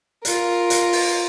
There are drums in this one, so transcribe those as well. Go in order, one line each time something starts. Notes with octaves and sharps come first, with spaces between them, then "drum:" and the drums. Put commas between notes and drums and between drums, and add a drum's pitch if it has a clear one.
F4 A#4, drum: hi-hat
drum: hi-hat
drum: open hi-hat